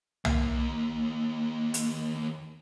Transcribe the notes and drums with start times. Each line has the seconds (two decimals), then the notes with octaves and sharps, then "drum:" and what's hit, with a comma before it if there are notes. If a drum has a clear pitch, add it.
0.25 D#2 A#3, drum: tom
1.74 drum: hi-hat